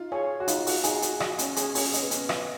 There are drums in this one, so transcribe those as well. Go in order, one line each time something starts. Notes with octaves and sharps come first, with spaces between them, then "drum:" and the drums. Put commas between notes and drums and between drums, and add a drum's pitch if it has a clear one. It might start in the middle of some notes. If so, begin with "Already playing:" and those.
Already playing: D#4 F4
G#4 C#5
F#4
D#4 F4, drum: hi-hat
F#4, drum: open hi-hat
D#4 G#4, drum: hi-hat
F#4, drum: hi-hat
F#4 D#5, drum: rim click
C#4, drum: hi-hat
C#4 G#4, drum: hi-hat
C#4, drum: open hi-hat
C#4 D#5, drum: hi-hat
B3
C#4, drum: hi-hat
D#5, drum: rim click